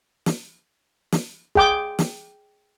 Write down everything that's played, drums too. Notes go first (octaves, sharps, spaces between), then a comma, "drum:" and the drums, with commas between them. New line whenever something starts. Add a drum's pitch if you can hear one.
drum: snare
drum: snare
G#4 G5 D6, drum: kick
drum: snare